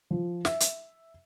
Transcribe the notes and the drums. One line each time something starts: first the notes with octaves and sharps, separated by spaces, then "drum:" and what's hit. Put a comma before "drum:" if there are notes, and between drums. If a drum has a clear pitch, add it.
F3
E5, drum: snare
drum: hi-hat